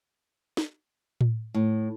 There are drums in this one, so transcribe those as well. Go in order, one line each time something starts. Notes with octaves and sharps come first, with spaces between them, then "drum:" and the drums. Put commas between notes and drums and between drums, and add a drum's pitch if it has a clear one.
drum: snare
drum: tom A2
A2